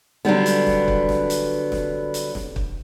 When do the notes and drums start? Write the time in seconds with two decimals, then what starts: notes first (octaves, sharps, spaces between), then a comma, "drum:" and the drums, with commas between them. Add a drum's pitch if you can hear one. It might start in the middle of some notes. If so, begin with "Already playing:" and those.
0.25 D3 F#3 G3 B3
0.46 drum: hi-hat
0.67 drum: snare
0.88 drum: kick
1.09 drum: snare
1.30 drum: hi-hat
1.72 drum: snare
2.14 drum: hi-hat
2.35 drum: snare
2.56 drum: kick